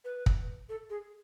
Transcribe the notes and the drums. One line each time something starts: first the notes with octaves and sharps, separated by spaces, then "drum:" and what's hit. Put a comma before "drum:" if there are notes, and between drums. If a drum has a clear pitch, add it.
B4
drum: kick
A4
G#4